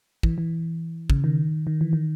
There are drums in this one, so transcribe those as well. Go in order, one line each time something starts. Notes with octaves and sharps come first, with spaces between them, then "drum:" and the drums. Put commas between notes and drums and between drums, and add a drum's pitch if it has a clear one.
E3, drum: kick
E3
C#3, drum: kick
D#3
D#3
E3
D#3